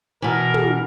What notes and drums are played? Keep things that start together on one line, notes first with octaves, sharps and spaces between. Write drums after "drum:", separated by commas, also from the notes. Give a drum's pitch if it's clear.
B2 E3 A#4
drum: tom